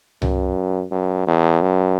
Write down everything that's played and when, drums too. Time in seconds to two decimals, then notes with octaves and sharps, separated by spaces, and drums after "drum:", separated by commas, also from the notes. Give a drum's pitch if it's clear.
0.22 F#2, drum: tom C2
0.91 F#2
1.27 E2
1.61 F#2